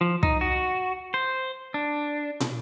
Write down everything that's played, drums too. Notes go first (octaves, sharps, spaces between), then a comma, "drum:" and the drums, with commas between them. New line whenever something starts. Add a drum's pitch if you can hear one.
F3
D#4, drum: kick
F#4
C5
D4
drum: tom